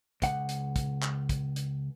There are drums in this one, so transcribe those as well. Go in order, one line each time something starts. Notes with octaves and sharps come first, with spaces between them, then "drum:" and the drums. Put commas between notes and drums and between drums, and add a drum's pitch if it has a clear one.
C#2 F#5, drum: kick, hi-hat
drum: hi-hat
drum: kick, hi-hat
drum: clap
drum: kick, hi-hat
drum: hi-hat